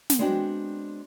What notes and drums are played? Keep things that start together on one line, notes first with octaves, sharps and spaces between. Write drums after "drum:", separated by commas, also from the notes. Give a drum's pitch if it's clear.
drum: snare
G#3 B3 C4 D4 F#4 G5